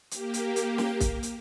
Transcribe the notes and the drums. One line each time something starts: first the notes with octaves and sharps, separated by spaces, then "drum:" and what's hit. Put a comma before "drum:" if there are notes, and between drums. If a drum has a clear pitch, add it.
A#3 G4, drum: hi-hat
drum: hi-hat
drum: hi-hat
drum: snare
drum: kick, hi-hat
drum: hi-hat